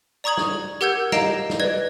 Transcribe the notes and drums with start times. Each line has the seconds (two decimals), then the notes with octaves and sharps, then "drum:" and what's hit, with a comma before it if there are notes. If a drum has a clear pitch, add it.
0.24 D5 A#5 C#6 D#6 G#6 F#7
0.38 drum: snare
0.81 G4 A#4 F#5 E6 G6 G#6
1.12 D#5 F5 A#5 C7 D7 E7, drum: snare
1.50 drum: snare
1.60 B4 D5 D#5 G#6